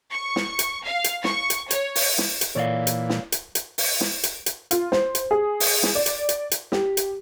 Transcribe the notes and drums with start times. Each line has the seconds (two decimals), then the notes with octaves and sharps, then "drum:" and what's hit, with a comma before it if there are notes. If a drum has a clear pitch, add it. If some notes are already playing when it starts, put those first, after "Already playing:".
0.11 C#6
0.36 drum: snare
0.59 drum: hi-hat
0.85 F5
1.04 drum: hi-hat
1.24 C#6, drum: snare
1.50 drum: hi-hat
1.71 C#5, drum: hi-hat
1.96 drum: open hi-hat
2.18 drum: snare
2.41 drum: hi-hat
2.55 A#2 E3 C#5 D5 F5
2.87 drum: hi-hat
3.09 drum: snare
3.32 drum: hi-hat
3.55 drum: hi-hat
3.78 drum: open hi-hat
4.01 drum: snare
4.23 drum: hi-hat
4.46 drum: hi-hat
4.71 F4, drum: hi-hat
4.92 C5, drum: snare
5.15 drum: hi-hat
5.31 G#4
5.60 drum: open hi-hat
5.83 drum: snare
5.95 D5
6.06 drum: hi-hat
6.29 drum: hi-hat
6.51 drum: hi-hat
6.72 G4, drum: snare
6.97 drum: hi-hat